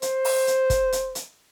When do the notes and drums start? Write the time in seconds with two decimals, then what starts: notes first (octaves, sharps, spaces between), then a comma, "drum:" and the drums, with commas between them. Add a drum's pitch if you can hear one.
0.02 C5, drum: hi-hat
0.25 drum: open hi-hat
0.47 drum: hi-hat
0.70 drum: kick, hi-hat
0.92 drum: hi-hat
1.15 drum: hi-hat